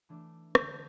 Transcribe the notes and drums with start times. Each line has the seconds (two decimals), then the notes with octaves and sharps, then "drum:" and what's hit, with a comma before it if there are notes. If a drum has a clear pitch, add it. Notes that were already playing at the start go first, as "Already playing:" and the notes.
0.09 E3 A3 D4
0.55 D3 A3 D4 G6, drum: rim click